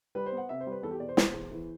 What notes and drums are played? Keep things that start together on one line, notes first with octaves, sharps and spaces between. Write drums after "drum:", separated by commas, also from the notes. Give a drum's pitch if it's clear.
G3 B4
C5
B3
F#5
C3 E5
C5
G3
B4
E2 A4
G4
B2 D5
C5
B2, drum: snare
E2
E3